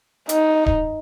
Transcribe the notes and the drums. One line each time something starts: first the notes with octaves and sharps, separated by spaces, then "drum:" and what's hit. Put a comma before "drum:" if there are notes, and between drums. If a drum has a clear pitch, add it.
D#4, drum: hi-hat
drum: kick D1